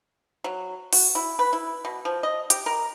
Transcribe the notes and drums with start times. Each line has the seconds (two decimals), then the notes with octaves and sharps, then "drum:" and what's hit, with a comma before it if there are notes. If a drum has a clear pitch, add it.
0.44 F#3
0.93 F#4, drum: open hi-hat
1.15 E4
1.39 B4
1.53 E4
1.85 B2
2.05 F3
2.23 D#5
2.50 G4, drum: hi-hat
2.66 A#4